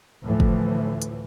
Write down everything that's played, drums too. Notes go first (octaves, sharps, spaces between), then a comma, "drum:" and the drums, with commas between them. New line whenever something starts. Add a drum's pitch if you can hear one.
D2 A2 E3 F3
drum: kick
drum: hi-hat